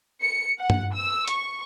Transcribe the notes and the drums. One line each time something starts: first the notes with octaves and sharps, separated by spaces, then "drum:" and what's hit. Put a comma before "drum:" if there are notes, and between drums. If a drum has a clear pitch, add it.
C#7
F#5
drum: tom G2
E6
C#6, drum: hi-hat